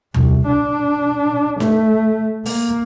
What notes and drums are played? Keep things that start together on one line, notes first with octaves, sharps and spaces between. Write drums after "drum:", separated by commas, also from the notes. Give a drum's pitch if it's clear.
C2, drum: tom D#2
D4
A3, drum: snare D#4
A#3, drum: open hi-hat